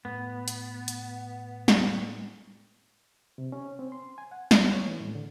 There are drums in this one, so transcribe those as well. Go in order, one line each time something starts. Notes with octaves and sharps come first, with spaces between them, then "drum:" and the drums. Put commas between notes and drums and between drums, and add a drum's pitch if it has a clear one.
A2 B3
drum: hi-hat
drum: hi-hat
drum: snare
C3
C#4
C4
C6
G#5
F#5
C#4, drum: snare
C#5
E3
A2
D3